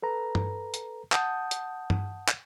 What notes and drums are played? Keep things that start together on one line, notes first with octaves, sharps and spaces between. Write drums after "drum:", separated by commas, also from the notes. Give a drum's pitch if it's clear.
A4 B4 A#5
drum: tom G2
drum: hi-hat
F#5 A5 D#6 G6, drum: clap
drum: hi-hat
drum: tom G2
drum: clap